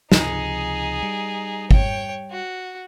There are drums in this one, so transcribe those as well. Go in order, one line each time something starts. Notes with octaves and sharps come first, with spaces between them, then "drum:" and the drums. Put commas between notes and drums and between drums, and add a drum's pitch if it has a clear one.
C#2 C3 F3 D#4 G#4, drum: snare
G3
C#5 G5, drum: kick
F#4